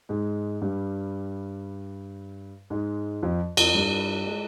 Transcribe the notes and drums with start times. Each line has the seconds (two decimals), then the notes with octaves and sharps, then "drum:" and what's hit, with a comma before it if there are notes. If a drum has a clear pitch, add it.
0.09 G#2 G#3
0.61 G2 G3
2.70 G#2 G#3
3.23 F2 F3
3.57 F2 F3, drum: cymbal
3.75 G2 G3
4.26 G#3